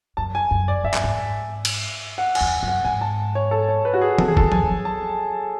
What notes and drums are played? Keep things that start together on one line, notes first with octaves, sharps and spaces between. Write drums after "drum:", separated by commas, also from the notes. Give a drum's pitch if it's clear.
F#2 A5
G#5
F#2
D5
G#2 E5
F#2, drum: clap
G#2
drum: cymbal
F#5
G#5, drum: cymbal
E2
F#2
F#5
G#2 G#5
A5
C#5
A4
C#5
B4
F#4
G#4
D3 A4, drum: tom D#3
G#4
A4, drum: kick
E3
G#5, drum: tom F3
F#3
A5